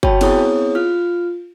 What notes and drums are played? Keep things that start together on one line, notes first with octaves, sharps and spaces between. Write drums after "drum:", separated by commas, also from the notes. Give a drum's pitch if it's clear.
F#4 C#5 G5 A5 B5, drum: kick
B3 C4 E4 G#4 C#5 D#6, drum: cymbal
F4 F6